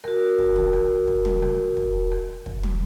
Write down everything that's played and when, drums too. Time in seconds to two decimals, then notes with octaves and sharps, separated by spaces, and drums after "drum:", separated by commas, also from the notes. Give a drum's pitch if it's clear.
0.04 F#4 A#4, drum: rim click
0.38 drum: kick
0.56 drum: tom
0.73 drum: rim click
1.08 drum: kick
1.25 drum: tom
1.42 drum: rim click
1.77 drum: kick
2.11 drum: rim click
2.46 drum: kick
2.63 drum: tom